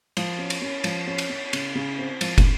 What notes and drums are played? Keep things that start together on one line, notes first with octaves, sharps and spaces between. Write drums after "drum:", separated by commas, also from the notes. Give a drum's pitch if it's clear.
F3, drum: cymbal
C#4
drum: cymbal
C#4
F3, drum: cymbal
C#4
drum: cymbal
C#4
C#3, drum: cymbal
C#3
C4
F3, drum: cymbal
drum: kick, cymbal